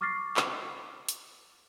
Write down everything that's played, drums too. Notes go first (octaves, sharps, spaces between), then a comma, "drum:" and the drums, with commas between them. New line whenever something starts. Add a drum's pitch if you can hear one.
C#6 D6 F6 A6 A#6 C7
drum: clap
drum: hi-hat